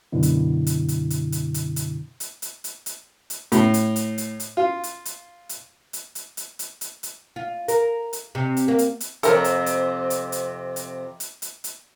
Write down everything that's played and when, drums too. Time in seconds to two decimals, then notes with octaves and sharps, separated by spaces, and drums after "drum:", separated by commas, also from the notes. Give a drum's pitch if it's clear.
0.12 F#2 B2 D3 E4
0.23 drum: hi-hat
0.67 drum: hi-hat
0.88 drum: hi-hat
1.10 drum: hi-hat
1.32 drum: hi-hat
1.54 drum: hi-hat
1.76 drum: hi-hat
2.20 drum: hi-hat
2.42 drum: hi-hat
2.64 drum: hi-hat
2.86 drum: hi-hat
3.30 drum: hi-hat
3.52 A2, drum: hi-hat
3.74 drum: hi-hat
3.96 drum: hi-hat
4.18 drum: hi-hat
4.40 drum: hi-hat
4.57 F4
4.84 drum: hi-hat
5.05 drum: hi-hat
5.49 drum: hi-hat
5.93 drum: hi-hat
6.15 drum: hi-hat
6.37 drum: hi-hat
6.59 drum: hi-hat
6.81 drum: hi-hat
7.03 drum: hi-hat
7.36 F4
7.68 A#4, drum: hi-hat
8.13 drum: hi-hat
8.35 C3
8.57 drum: hi-hat
8.68 A#3
8.79 drum: hi-hat
9.00 drum: hi-hat
9.23 F2 C3 A4 A#4 C#5, drum: hi-hat
9.44 drum: hi-hat
9.66 drum: hi-hat
10.10 drum: hi-hat
10.32 drum: hi-hat
10.76 drum: hi-hat
11.20 drum: hi-hat
11.42 drum: hi-hat
11.64 drum: hi-hat